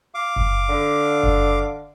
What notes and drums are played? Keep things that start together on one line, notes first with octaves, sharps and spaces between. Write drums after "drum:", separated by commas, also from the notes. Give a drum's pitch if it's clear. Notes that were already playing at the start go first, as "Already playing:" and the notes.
F5 D6
drum: kick F#1
D3
drum: kick F#1